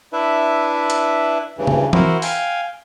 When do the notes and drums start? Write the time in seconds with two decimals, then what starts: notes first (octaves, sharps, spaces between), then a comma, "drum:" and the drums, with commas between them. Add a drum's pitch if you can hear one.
0.13 D4 E4 B4 E5
0.90 drum: hi-hat
1.58 D2 G2 C#3 E3
1.67 drum: tom C#3
1.93 E4 F#4 A#4 C5, drum: tom E3
2.22 F5 G5 G#5, drum: open hi-hat